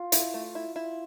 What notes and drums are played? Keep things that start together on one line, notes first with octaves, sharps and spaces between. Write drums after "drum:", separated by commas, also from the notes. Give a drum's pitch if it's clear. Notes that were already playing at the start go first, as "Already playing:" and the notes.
Already playing: F4
E4, drum: hi-hat
A3
E4
E4